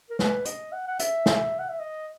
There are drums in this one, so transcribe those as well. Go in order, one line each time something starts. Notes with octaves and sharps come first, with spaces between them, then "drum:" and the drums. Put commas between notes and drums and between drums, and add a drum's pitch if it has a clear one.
A#4
B4, drum: snare
D#5, drum: hi-hat
F#5
F#5
E5, drum: hi-hat
drum: snare
F#5
E5
D#5